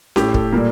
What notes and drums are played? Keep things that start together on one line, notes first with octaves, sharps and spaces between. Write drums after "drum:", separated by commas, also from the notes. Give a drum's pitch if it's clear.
A2 A3 G4, drum: snare C#4
A4, drum: kick
A#2 G3 A#3